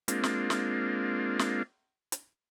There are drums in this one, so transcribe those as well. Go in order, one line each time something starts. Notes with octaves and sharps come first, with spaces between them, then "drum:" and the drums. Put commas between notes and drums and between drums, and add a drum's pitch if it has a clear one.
G#3 A#3 C4 D4 F4, drum: hi-hat
drum: snare
drum: snare
drum: snare
drum: hi-hat